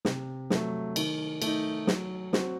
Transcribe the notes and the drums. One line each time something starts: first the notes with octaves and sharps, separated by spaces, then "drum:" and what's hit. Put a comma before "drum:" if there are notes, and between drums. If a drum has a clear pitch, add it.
C3, drum: snare
F#3 A3, drum: snare
D#3, drum: cymbal
A3 D#4, drum: cymbal
F#3, drum: snare
C4 F#4, drum: snare